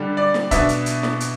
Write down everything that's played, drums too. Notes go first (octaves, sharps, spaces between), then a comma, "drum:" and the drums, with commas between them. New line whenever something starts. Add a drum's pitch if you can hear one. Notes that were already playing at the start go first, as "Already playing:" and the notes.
Already playing: D3 G3 D4
D5
drum: snare
B2 B3 D4 E5, drum: kick, hi-hat
drum: hi-hat
drum: hi-hat
drum: snare
drum: hi-hat